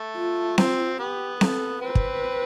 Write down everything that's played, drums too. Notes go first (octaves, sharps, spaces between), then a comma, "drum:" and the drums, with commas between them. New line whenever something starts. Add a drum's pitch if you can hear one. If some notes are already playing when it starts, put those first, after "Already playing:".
Already playing: A3
F4
C4, drum: snare C4
B3 G4
A4, drum: snare C4
C4 B4
drum: kick